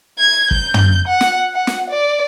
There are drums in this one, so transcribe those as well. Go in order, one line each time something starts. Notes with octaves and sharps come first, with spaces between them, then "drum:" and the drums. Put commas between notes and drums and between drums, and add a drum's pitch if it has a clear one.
G#6
G6, drum: kick F#1
drum: tom
F#5
drum: snare
F#5
drum: snare
D5